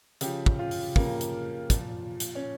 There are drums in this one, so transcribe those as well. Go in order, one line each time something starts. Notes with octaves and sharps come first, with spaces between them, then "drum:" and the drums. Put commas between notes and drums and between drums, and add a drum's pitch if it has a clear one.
C#3 F3 G4, drum: hi-hat
drum: kick
F4
drum: open hi-hat
C#3 F3 A#3, drum: kick
drum: hi-hat
A#2 F3, drum: kick, hi-hat
drum: hi-hat
C#4